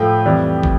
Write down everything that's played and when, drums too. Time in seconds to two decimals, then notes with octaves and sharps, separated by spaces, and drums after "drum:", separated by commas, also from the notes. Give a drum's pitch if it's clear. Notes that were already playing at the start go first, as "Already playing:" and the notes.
Already playing: A2 F3 A3 G5
0.25 F2 E3 G3
0.63 drum: kick